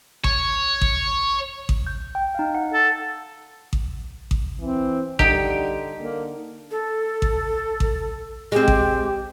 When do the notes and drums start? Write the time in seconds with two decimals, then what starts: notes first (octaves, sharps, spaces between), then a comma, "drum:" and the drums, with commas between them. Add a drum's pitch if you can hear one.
0.24 C#5, drum: kick A1
0.81 drum: kick A1
1.69 drum: kick A1
1.87 G6
2.15 G5
2.35 D#4 F5
2.55 F#5
2.73 A4
3.73 drum: kick A1
4.31 drum: kick A1
4.60 E3 C4
5.19 D3 G3 D#4 G4 G5, drum: kick A1
6.00 D3 A#3
6.71 A4
7.22 drum: kick A1
7.80 drum: kick A1
8.52 G#3 C4 G4
8.68 drum: kick A1